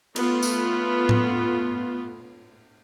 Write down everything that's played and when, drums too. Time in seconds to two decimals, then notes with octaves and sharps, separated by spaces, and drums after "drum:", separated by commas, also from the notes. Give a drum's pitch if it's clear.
0.16 A3 B3 F4, drum: cymbal
0.43 drum: tambourine
1.09 drum: tom A2